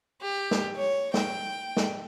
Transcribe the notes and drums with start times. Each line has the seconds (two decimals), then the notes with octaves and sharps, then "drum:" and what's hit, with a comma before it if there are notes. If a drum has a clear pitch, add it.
0.22 G4
0.51 drum: snare
0.76 C#5
1.14 G5, drum: snare
1.77 drum: snare